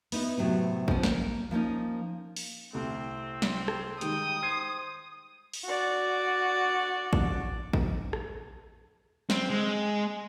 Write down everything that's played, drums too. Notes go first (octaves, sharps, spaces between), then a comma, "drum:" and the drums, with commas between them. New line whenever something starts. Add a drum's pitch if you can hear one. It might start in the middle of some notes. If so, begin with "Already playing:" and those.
B3 D#4 E4 B4, drum: open hi-hat
A2 C3 F#3 B3
F3 C#4, drum: kick A1
A#3 A#4, drum: snare
F3 A#3 C#4 D#4
drum: open hi-hat
C2 A3 C4
drum: snare
drum: rim click
D#3 G3 G#3 G5 D#6, drum: hi-hat
C5 G#6 C7
drum: open hi-hat
F#4 D5
drum: kick A1
drum: kick A1
drum: rim click
C4, drum: snare
G#3